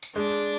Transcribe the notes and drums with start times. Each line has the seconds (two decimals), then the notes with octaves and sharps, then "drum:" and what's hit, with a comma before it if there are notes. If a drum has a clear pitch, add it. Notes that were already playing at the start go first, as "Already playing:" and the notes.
0.03 drum: tambourine
0.16 G#3 D4